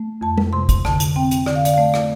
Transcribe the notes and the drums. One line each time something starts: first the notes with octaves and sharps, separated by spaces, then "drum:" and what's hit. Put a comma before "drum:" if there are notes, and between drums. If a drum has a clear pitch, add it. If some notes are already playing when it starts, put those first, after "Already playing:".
Already playing: A3
F2 A5
drum: tom
C3 C6
drum: kick, hi-hat
D3 A5, drum: rim click
drum: hi-hat
C4 G5
drum: hi-hat
D3 D5, drum: rim click
F5
D5, drum: hi-hat
F5
A3 D5
drum: rim click